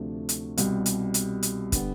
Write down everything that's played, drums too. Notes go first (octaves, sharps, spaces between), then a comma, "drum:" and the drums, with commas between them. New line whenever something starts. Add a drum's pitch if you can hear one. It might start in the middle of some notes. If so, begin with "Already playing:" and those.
Already playing: D2 C3 F3 A3 D4
drum: hi-hat
C2 B2 G3, drum: hi-hat
drum: hi-hat
drum: hi-hat
drum: hi-hat
D3 G3 B3, drum: kick, hi-hat